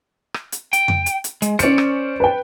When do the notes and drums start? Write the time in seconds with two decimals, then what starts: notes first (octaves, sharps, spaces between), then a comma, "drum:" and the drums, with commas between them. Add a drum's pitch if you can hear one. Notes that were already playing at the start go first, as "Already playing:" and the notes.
0.34 drum: rim click
0.52 drum: hi-hat
0.73 G5, drum: hi-hat
0.88 drum: tom F2
1.06 drum: hi-hat
1.24 drum: hi-hat
1.42 G#3, drum: hi-hat
1.59 C#4 C5 D5 C#7, drum: hi-hat
1.78 drum: rim click
2.20 B4 G5